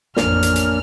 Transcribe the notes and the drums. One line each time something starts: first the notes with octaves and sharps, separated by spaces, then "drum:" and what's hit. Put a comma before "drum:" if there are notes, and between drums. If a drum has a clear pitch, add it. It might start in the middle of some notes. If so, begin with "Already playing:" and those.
A1 F2 A#3 C#4 D4 F6, drum: snare
drum: hi-hat
drum: hi-hat